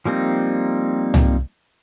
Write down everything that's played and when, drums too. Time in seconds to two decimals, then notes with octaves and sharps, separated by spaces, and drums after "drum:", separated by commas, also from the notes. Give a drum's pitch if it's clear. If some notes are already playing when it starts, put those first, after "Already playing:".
0.05 F3 G3 A#3 C4 D#4
1.14 drum: tom C2